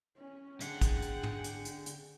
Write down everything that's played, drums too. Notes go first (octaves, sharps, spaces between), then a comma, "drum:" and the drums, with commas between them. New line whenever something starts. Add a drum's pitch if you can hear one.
C#4
D3 G#4 F#5 G5, drum: hi-hat
drum: kick, hi-hat
drum: hi-hat
drum: tom
drum: hi-hat
drum: hi-hat
drum: hi-hat